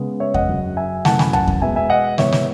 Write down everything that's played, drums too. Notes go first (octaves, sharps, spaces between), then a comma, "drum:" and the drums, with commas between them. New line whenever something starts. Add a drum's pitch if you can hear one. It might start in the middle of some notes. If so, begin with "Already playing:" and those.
Already playing: C#3 G#3 B3
C#5 E5
D#5 F#5, drum: kick E2
F#2 C#3 F#3
E5 G#5
F#2 E3 A3 F#5 A5, drum: snare
G#5 B5, drum: snare
F#5 A5, drum: tom B1
drum: kick E2
B2 G#3 B3 E5 G#5
E5 G#5
D#5 F#5
G#2 E3 B3 C#5 E5, drum: snare
drum: snare